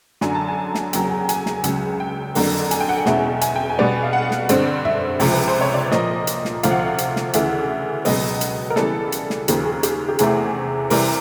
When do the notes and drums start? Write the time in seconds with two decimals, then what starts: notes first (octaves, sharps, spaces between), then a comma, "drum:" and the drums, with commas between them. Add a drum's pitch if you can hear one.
0.21 F#2 D3 F#3 G#5, drum: snare
0.35 A5
0.48 G#5
0.75 drum: snare
0.93 E2 C#3 F#3 A#3 G5, drum: hi-hat
1.11 G#5
1.29 G#5, drum: hi-hat
1.46 drum: snare
1.64 C#2 C#3 F#3, drum: hi-hat
2.00 G5
2.35 F2 D3 F#3 A#3, drum: open hi-hat
2.71 G#5, drum: hi-hat
2.80 G5
2.89 F#5
2.98 G5
3.06 E2 B2 G#3 C#4 E4, drum: snare
3.41 G#5, drum: hi-hat
3.56 G5
3.70 G#5
3.78 B2 G3 B3 D4
4.03 F5
4.13 F#5
4.31 drum: snare
4.49 G2 D3 G3 C4, drum: hi-hat
4.85 E5, drum: tom
5.20 C#2 C3 F3, drum: open hi-hat
5.34 B4
5.48 C5
5.61 C#5
5.74 D5
5.92 A#2 F3 A#3 D#5, drum: snare
6.27 drum: hi-hat
6.45 drum: snare
6.63 D2 C3 F3 F5, drum: hi-hat
6.71 F#5
6.79 F5
6.98 drum: hi-hat
7.16 drum: snare
7.33 D2 C#3 E3 E5, drum: hi-hat
8.05 C#2 B2 F#3 B3 D#5, drum: open hi-hat
8.41 drum: hi-hat
8.70 A#4
8.76 C#3 E3 G3 B3 A4, drum: snare
9.12 drum: hi-hat
9.30 drum: snare
9.48 D#2 C#3 F3 A#3 G4, drum: hi-hat
9.65 G#4
9.83 G4, drum: hi-hat
10.08 G4
10.19 E2 C3 E3 A3 G#4, drum: hi-hat
10.90 C3 E3 G3 A#4, drum: open hi-hat